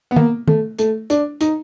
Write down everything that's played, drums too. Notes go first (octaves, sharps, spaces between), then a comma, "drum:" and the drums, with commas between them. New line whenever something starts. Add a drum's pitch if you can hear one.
B3
A#3, drum: tom D#3
A3, drum: tom D#3
A3, drum: hi-hat
D4, drum: hi-hat
D#4, drum: hi-hat